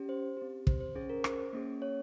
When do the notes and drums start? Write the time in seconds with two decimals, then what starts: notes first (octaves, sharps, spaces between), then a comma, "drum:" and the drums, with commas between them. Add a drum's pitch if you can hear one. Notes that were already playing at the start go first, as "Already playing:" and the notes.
Already playing: C#4 G4
0.09 C5
0.37 C4 G4
0.67 C5, drum: kick
0.80 C5
0.95 C#4 G#4 C5
1.10 A#4
1.24 C5, drum: rim click
1.53 A#3 C#4 G#4
1.82 C#5